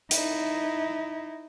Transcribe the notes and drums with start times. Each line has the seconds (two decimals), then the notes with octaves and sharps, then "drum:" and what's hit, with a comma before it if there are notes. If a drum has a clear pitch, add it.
0.11 D#4 E4, drum: hi-hat